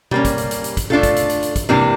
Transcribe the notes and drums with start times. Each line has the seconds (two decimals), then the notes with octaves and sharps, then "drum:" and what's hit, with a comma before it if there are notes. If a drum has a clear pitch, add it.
0.11 G3 A#3 C#4, drum: tom B2
0.25 drum: kick, hi-hat
0.38 drum: hi-hat
0.51 drum: hi-hat
0.64 drum: hi-hat
0.77 drum: kick, hi-hat
0.90 A3 D4 F4 A4, drum: tom B2
1.03 drum: kick, hi-hat
1.16 drum: hi-hat
1.30 drum: hi-hat
1.43 drum: hi-hat
1.56 drum: kick, hi-hat
1.69 C3 E3 G3 A#3 D4, drum: tom G#2